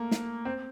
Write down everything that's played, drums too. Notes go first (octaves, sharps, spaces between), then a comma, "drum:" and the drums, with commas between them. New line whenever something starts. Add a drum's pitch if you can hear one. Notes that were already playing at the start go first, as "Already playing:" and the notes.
Already playing: A3 A#3
drum: snare
C4